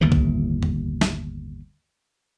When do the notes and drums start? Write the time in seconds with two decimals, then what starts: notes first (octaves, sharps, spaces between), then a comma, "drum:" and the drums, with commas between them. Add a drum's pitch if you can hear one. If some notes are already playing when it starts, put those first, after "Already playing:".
0.01 G1 D#2 A2 E3
0.12 drum: kick C2
0.63 drum: tom E2
1.01 drum: snare